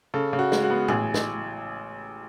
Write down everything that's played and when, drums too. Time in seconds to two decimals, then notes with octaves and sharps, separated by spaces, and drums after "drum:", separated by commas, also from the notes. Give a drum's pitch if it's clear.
0.14 C#3 A4
0.33 C#3
0.39 F#4
0.52 G#3, drum: snare
0.64 F#4
0.70 B3
0.88 A1 G#4, drum: tom A2
1.14 drum: snare